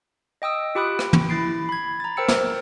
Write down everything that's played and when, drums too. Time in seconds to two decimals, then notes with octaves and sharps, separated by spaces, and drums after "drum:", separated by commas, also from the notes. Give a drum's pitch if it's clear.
0.42 D#5 G5 D#6 E6
0.75 F4 G4 G5 B5 D#6 F#6
0.99 drum: rim click
1.13 drum: tom
1.29 E4 A6 C7 D7
1.69 B5 G#6
2.00 A#5 A6
2.17 A#4 C5 G5 E6 C#7
2.28 drum: snare